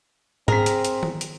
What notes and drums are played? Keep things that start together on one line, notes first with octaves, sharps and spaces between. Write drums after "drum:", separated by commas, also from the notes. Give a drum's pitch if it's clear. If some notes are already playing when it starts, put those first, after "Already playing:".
C4 G#4 A#4 B6, drum: tom G#2
drum: hi-hat
drum: hi-hat
drum: tom D#3
drum: hi-hat